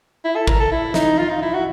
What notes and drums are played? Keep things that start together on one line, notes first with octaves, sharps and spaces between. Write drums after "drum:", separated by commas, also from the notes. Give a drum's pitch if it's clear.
E4
A4
A#4, drum: kick
A4
E4
D#4, drum: snare
F4
D#4
E4
F#4